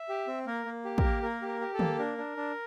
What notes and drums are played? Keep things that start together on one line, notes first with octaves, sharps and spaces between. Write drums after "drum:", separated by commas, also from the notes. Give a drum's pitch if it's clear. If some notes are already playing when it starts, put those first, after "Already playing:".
Already playing: E5
G4
C4
A#3 A#4
A#3
G4
A#4, drum: kick
A#3
A#3 A#4
G4
A#4
G4
A4
A#3, drum: tom
D4 A#4
D4
D4